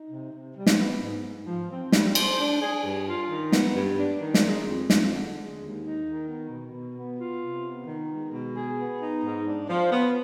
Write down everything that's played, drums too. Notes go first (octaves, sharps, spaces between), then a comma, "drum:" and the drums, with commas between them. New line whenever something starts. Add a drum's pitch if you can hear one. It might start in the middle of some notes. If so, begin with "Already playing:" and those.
Already playing: D#4
C3
C3
G3
drum: snare
B3
G#2
G#2
F3
C4
G3, drum: snare
C5, drum: cymbal
D4
G#4
G2
F4
D#3
B3, drum: snare
G2
D4
D#3
drum: snare
G#3
F2
F2, drum: snare
D3
G#3
D#2
D#4
D#3
B3
B2
B2
B3
F4
C3
B3
D#3
G#3
B2
G#4
B3
D#4
G#2
D4
F3
B3